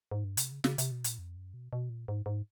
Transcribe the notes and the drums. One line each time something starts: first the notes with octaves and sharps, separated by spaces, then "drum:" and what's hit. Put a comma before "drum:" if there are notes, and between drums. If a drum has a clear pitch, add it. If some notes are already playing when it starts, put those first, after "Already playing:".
G#2
G2
C3, drum: hi-hat
C#3
C#3, drum: snare
C3, drum: hi-hat
B2
A#2, drum: hi-hat
F2
F#2
B2
B2
A#2
G#2
G#2